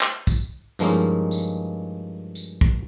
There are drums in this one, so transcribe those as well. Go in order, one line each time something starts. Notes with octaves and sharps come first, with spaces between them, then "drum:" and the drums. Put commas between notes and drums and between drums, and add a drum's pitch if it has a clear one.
drum: clap
drum: kick, tambourine
G2 F3 G#3 A#3 C#4 D#4, drum: tambourine
drum: tambourine
drum: tambourine
drum: kick